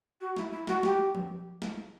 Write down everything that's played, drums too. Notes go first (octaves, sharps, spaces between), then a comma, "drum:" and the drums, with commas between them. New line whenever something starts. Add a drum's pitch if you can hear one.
F#4
E4, drum: snare
E4
F#4, drum: snare
G4, drum: snare
drum: tom F3
drum: snare